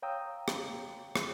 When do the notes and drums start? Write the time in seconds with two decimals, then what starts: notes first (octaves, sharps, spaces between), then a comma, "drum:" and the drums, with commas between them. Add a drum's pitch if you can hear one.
0.02 C#5 F5 G5 A#5 D#6 E6
0.48 drum: rim click
1.16 drum: rim click